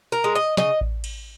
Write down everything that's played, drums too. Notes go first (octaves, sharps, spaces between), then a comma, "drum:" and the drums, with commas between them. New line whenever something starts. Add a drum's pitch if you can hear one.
A#4
G#3
D#5
C#3 D#5, drum: snare
drum: kick A1
drum: cymbal